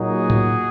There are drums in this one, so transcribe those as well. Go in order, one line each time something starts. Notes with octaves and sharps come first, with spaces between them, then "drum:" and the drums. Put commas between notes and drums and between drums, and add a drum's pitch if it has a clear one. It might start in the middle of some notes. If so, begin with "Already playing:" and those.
Already playing: A#2 F#3 A#3 D#4 F#4 G#4
drum: tom A2